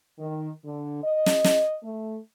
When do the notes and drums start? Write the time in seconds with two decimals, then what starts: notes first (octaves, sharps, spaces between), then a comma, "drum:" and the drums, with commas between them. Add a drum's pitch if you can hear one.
0.19 D#3
0.65 D3
1.03 D#5
1.26 drum: snare
1.44 drum: snare
1.84 A3